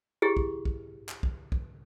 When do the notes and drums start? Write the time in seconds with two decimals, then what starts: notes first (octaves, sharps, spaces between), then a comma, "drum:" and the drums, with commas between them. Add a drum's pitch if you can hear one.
0.22 E4 G4 G#4
0.37 drum: kick
0.65 drum: kick
1.09 drum: clap
1.23 drum: kick
1.52 drum: kick